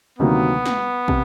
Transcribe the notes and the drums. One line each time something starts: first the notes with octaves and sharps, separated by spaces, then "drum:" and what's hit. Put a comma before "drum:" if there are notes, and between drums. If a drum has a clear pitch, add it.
D2 C3 D#3 F#3 A#3 B3
drum: snare
C3, drum: kick